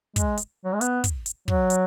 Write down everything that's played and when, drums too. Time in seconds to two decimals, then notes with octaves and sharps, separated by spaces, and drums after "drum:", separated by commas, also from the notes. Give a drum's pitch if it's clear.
0.16 G#3, drum: kick, hi-hat
0.37 drum: hi-hat
0.65 F#3
0.74 G#3
0.81 B3, drum: hi-hat
1.04 drum: kick, hi-hat
1.26 drum: hi-hat
1.48 F#3, drum: kick
1.70 drum: hi-hat